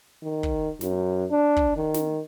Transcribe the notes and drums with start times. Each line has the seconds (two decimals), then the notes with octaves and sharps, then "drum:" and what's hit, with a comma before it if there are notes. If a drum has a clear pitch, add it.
0.22 D#3
0.43 drum: kick
0.81 F#2, drum: snare
1.31 D4
1.56 drum: kick
1.76 D#3
1.94 drum: snare